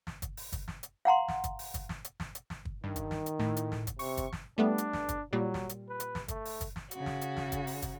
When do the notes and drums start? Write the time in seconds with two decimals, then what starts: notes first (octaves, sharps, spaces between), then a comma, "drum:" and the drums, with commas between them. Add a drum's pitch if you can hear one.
0.07 drum: snare
0.22 drum: kick, hi-hat
0.37 drum: open hi-hat
0.52 drum: kick, hi-hat
0.68 drum: snare
0.83 drum: hi-hat
1.05 F5 F#5 A#5 C6
1.28 drum: snare
1.44 drum: kick, hi-hat
1.59 drum: open hi-hat
1.74 drum: kick, hi-hat
1.89 drum: snare
2.04 drum: hi-hat
2.20 drum: snare
2.35 drum: hi-hat
2.50 drum: snare
2.65 drum: kick
2.84 G2 D#3
2.96 drum: kick, hi-hat
3.11 drum: snare
3.26 drum: hi-hat
3.39 A2, drum: snare
3.57 drum: hi-hat
3.72 drum: snare
3.87 drum: kick, hi-hat
3.99 C3 C#6, drum: open hi-hat
4.17 drum: kick, hi-hat
4.33 drum: snare
4.58 G3 A3 B3 D4
4.78 drum: hi-hat
4.93 drum: snare
5.09 drum: kick, hi-hat
5.33 A#2 F#3 G3
5.54 drum: snare
5.69 drum: hi-hat
5.89 B4
6.00 drum: hi-hat
6.15 drum: snare
6.28 A3, drum: kick, hi-hat
6.45 drum: open hi-hat
6.61 drum: kick, hi-hat
6.76 drum: snare
6.91 C#3 F#4, drum: hi-hat
7.06 drum: snare
7.21 drum: hi-hat
7.37 drum: snare
7.52 drum: kick, hi-hat
7.67 drum: open hi-hat
7.82 drum: kick, hi-hat